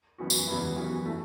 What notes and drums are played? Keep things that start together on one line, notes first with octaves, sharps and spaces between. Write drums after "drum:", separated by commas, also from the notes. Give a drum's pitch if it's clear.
F#2 E3 B3 F#4
drum: tambourine
E2 C#3 G3 B3 E4
F#2 E3 B3 F#4
E3 A3